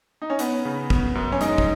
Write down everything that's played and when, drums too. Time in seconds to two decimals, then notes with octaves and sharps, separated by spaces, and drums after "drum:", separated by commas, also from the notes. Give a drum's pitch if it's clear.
0.22 D#4
0.30 C#4
0.39 B3 D#4, drum: hi-hat
0.65 C#3
0.90 B3, drum: kick
1.15 F#2
1.32 C#4
1.41 G#3 D#4, drum: hi-hat
1.58 drum: kick